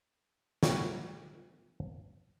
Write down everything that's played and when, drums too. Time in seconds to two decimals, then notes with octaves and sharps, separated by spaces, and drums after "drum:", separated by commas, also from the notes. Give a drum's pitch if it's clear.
0.63 A2 F#3 G3 C#5, drum: snare